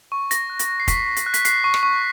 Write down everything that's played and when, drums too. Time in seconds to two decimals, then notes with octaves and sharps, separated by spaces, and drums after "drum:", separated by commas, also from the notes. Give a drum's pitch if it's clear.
0.12 C#6
0.31 C#6 A#6, drum: hi-hat
0.50 F#6
0.59 drum: hi-hat
0.69 F#6
0.80 C7
0.88 C#6 B6, drum: kick, hi-hat
1.06 C#6
1.17 drum: hi-hat
1.26 F#6
1.34 B6, drum: hi-hat
1.45 F#6 C7, drum: hi-hat
1.64 C#6
1.74 drum: rim click
1.83 C#6